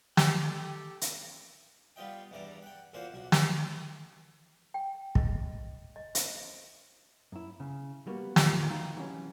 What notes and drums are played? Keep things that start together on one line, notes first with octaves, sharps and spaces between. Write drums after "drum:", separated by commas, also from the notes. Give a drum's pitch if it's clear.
G4 A4 G5, drum: snare
drum: hi-hat
G3 B3 F4 D#5 G5
E2 G2 E3 D5 A#5
F#5 G5
E2 A#2 A#3 F#4 C5 F#5
B1 F#4
D#3 G#3, drum: snare
G5
D#5, drum: kick
D#5
C5, drum: hi-hat
F#2 E4
C#3
G3 A#3 B3 F#4
E2 A2 E3 F3 G3 A#3, drum: snare
D#4 F#4 F5 G5
C2 E3 F#3 C#4